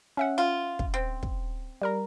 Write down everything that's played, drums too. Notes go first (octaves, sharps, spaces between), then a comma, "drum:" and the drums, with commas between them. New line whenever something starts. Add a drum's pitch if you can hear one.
C#4 E5 F#5
F4
drum: kick
C4
drum: kick
G3 A#4 A#5